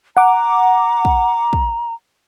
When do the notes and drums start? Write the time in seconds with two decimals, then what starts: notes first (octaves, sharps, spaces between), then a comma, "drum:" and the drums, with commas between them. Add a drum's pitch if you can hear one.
0.17 F#5 A#5 D6
1.05 drum: kick
1.53 drum: kick